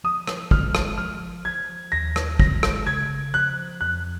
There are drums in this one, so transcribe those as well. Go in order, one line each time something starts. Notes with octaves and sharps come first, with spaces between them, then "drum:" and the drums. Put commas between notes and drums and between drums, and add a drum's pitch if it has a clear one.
F3 D#6
drum: rim click
G#3 F6, drum: kick
drum: rim click
F3 F6
F3 G#6
D#2 A#6
drum: rim click
G#3 A#6, drum: kick
drum: rim click
C#3 G#6
F3 F#6
F2 F#6